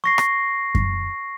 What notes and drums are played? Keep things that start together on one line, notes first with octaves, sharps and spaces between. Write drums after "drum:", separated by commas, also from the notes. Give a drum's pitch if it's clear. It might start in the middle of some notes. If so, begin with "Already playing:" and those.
C#6 A#6 C7
drum: rim click
drum: kick F#2